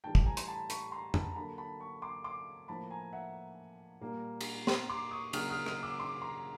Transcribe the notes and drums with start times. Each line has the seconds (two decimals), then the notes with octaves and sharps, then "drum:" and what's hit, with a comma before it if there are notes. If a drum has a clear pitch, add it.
0.04 A2 E3 G3 G5 A5
0.15 drum: kick
0.26 G#5 A#5
0.37 C6, drum: hi-hat
0.48 A5 B5
0.70 B5 C#6, drum: hi-hat
0.92 A#5 C6
1.14 A5 B5, drum: tom F2
1.32 A#5
1.36 D3 F#3 A#3 A5 B5
1.58 A5 B5
1.80 B5 C#6
2.02 C6 D6
2.24 C6 D6
2.68 A2 F3 A#3 A5 B5
2.91 G#5 A#5
3.13 E5 F#5
4.01 A#2 G3 A#3
4.41 drum: cymbal
4.67 A#5 C6, drum: snare
4.89 C6 D6
5.11 C#6 D#6
5.33 C#3 F#3 A#3 D#6 F6, drum: cymbal
5.50 D#6 F6
5.66 D#6 F6, drum: rim click
5.83 D6 E6
5.99 C6 D6
6.22 A#5 C6